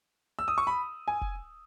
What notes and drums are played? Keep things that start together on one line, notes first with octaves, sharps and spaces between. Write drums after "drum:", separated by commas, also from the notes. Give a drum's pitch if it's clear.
E6
D#6
C#6
B5
G#5
drum: kick